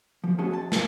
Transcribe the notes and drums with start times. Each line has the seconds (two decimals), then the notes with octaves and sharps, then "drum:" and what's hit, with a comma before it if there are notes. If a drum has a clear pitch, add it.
0.24 F3
0.38 F3 A3 C#4 F#4 G#4 A5
0.52 F2 A5
0.72 A#2 A#3, drum: snare